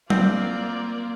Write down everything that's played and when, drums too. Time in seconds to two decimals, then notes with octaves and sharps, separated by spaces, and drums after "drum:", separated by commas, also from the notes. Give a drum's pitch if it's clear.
0.10 A#3 C4 F4 D5, drum: tom F#3